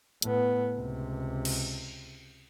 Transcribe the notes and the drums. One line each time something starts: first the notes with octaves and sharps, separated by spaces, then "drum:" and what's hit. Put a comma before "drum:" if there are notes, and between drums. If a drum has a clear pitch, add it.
A2 B3, drum: hi-hat
C#2 C3
drum: cymbal